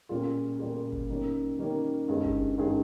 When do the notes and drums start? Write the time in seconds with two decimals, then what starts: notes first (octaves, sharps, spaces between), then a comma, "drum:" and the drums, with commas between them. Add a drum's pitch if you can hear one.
0.09 A#2 G3 C#4 F4 G#4
0.59 A#2 G3 C#4 F4 G#4
0.92 drum: kick G1
1.09 D#3 G3 A#3 C#4
1.59 D#3 G3 A#3 C#4
2.08 G2 D#3 G#3 C#4 G#4
2.25 drum: kick G1
2.58 G2 D#3 G#3 C#4 G#4